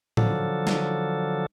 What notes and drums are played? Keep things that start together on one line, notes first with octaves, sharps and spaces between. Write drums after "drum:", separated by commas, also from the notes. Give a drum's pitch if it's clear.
D3 F3 F#3 A4, drum: tom A2
drum: snare